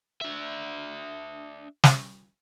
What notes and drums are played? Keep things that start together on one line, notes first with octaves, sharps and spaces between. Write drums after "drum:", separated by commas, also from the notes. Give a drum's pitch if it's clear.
D4 E5
drum: snare